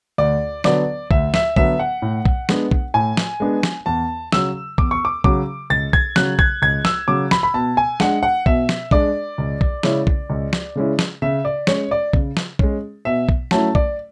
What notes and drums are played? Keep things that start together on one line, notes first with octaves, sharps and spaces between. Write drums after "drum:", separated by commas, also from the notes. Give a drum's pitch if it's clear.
D2 D5
D3 F#3 B3 D5, drum: snare
D2 E5, drum: kick B1
E5, drum: snare
D3 F#3 B3 E5, drum: kick B1
F#5
A2
drum: kick B1
G#3 B3 D4, drum: snare
drum: kick B1
A2 G#5
drum: snare
G#3 B3 D4
drum: snare
E2 A5
C#3 F#3 E6, drum: snare
E2 D6, drum: kick B1
C#6
D6
C#3 F#3 D6, drum: kick B1
C#2 A6
G#6, drum: kick B1
C#3 F#3 F#6, drum: snare
G#6, drum: kick B1
C#2 G#6
E6, drum: snare
C#3 F#3 D6
B5, drum: snare
B5
B2 A5
G#5
G#3 D4 F#5, drum: snare
F#5
B2 E5, drum: kick B1
drum: snare
G#3 D4 D5, drum: kick B1
C#2
drum: kick B1
C#3 G#3 C#4 E4, drum: snare
drum: kick B1
C#2
drum: snare
C#3 G#3 C#4 E4
drum: snare
C#3 E5
D5
G#3 C#4 C#5, drum: snare
D5
C#3, drum: kick B1
drum: snare
G#3 C#4, drum: kick B1
B2 E5
drum: kick B1
F#3 A3 C#4 E4 A5, drum: snare
D5, drum: kick B1